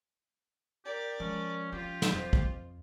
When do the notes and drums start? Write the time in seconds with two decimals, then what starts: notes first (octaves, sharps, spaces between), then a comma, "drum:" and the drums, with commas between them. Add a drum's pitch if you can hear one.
0.85 G4 A#4 D5
1.20 F3 G#3 C#4
1.72 C#4 F4 G4
2.02 drum: snare
2.12 F2 C5 D#5
2.33 drum: kick